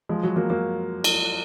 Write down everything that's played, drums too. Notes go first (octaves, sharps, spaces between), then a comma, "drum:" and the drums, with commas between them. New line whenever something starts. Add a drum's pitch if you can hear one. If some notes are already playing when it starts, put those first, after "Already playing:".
F3 G#3
F#3
F#3 A#3
F#3 A#3
drum: cymbal